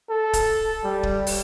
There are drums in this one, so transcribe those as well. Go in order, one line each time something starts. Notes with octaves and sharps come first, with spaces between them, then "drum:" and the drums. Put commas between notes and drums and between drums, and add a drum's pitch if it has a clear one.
A4
drum: kick, hi-hat
G3
drum: kick
drum: open hi-hat